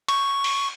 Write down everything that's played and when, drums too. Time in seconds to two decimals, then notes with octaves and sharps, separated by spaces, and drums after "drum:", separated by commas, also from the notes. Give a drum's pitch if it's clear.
0.08 C#6, drum: cymbal
0.44 drum: open hi-hat